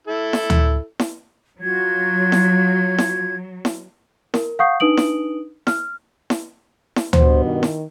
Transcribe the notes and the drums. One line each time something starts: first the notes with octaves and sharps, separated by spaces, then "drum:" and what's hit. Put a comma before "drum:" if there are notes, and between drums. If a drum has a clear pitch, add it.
E4 A4
drum: snare E4
drum: tom D2
drum: snare E4
F#3 F4 F#4 G#6
drum: snare E4
drum: snare E4
drum: snare E4
A#4, drum: snare E4
F5 F#5 C#6 D#6 G6 C7
D4 D#4 B4 D#6 D7 F#7
drum: snare E4
F6, drum: snare E4
drum: snare E4
drum: snare E4
G2 B2 B3 C5, drum: tom D2
D#3
drum: snare E4